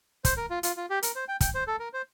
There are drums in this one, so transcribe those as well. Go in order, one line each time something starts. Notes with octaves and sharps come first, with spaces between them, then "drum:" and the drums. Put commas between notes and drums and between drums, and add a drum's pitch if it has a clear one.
C5, drum: kick, hi-hat
A#4
F4
F4, drum: hi-hat
F4
G4
A#4, drum: hi-hat
C5
G5
G5, drum: kick, hi-hat
C5
A4
A#4
C5